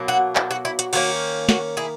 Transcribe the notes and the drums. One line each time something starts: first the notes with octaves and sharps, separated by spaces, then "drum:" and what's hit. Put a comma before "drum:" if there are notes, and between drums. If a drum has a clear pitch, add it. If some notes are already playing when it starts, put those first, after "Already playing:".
Already playing: B2 F#3 A#3
F#4
E4, drum: clap
F#4
E4
F#4, drum: hi-hat
D#3 A#3 C#4 F#4, drum: cymbal
F#4, drum: snare
E4 G#4